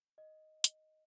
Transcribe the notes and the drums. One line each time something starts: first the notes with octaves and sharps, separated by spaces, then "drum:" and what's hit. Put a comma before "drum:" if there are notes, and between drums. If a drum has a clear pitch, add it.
D#5
drum: hi-hat